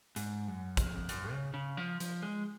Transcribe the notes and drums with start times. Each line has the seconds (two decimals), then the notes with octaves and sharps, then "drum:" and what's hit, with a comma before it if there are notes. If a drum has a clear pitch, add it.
0.16 G#2, drum: hi-hat
0.48 F#2
0.77 F2, drum: kick, hi-hat
1.09 F#2, drum: hi-hat
1.31 C#3
1.54 C#3
1.77 F3
2.00 F3, drum: hi-hat
2.23 G#3